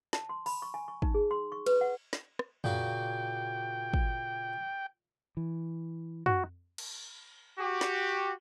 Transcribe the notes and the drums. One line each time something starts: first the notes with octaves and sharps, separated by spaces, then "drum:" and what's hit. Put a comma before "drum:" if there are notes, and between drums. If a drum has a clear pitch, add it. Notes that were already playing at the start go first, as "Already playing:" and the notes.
A5, drum: snare
C6
B5, drum: open hi-hat
C#6
G#5
C#6
D#4, drum: kick
G#4
C6
C#6
B4, drum: cymbal
F#5
drum: snare
drum: rim click
A#2 C#3 F#4 G5, drum: tom
drum: kick
E3
F#4, drum: tom
drum: cymbal
F#4 G4
drum: snare